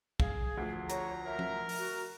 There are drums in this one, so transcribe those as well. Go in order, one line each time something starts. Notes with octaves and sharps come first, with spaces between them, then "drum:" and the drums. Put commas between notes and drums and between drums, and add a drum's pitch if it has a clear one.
G#4 F5, drum: kick
D2 F3
F#4 C#5 A#5, drum: hi-hat
A#4 E5
drum: tom F3
drum: open hi-hat
F#4